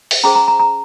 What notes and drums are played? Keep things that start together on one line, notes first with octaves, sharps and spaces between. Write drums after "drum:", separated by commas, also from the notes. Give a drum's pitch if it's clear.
drum: open hi-hat
C#4 G#4 C5 A#5
A#5
A#5
A#5